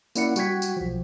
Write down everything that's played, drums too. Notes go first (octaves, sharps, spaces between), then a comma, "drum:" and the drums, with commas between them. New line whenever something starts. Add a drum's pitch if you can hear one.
A#3 C#4 E4 D5 F#5 C#7, drum: tambourine
G3 F#4 F#5 G5 G#6 B6, drum: tambourine
drum: tambourine
B1 F3